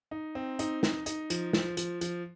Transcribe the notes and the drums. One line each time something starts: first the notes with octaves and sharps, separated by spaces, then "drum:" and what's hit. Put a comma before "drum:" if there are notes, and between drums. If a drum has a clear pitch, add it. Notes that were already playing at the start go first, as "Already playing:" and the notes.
D#4
C4
D#4, drum: hi-hat
D#4, drum: snare
D#4, drum: hi-hat
F3, drum: hi-hat
F3, drum: snare
F3, drum: hi-hat
F3, drum: hi-hat